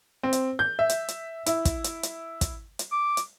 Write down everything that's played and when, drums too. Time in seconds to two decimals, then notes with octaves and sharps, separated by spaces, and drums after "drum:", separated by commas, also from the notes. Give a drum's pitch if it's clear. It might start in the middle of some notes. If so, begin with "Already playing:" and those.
0.23 C4
0.33 drum: hi-hat
0.59 G6
0.79 E5
0.89 drum: hi-hat
1.08 drum: hi-hat
1.46 E4, drum: hi-hat
1.65 drum: kick, hi-hat
1.84 drum: hi-hat
2.03 drum: hi-hat
2.41 drum: kick, hi-hat
2.79 drum: hi-hat
2.92 D6
3.17 drum: hi-hat